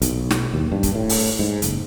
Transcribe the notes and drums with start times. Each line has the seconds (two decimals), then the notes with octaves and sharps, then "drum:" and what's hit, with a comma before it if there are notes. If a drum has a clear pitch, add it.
0.02 B1, drum: hi-hat
0.31 drum: snare
0.54 D#2
0.72 G2
0.83 drum: kick C#1, hi-hat
0.95 A2
1.09 drum: open hi-hat
1.39 G#2
1.62 F#1, drum: hi-hat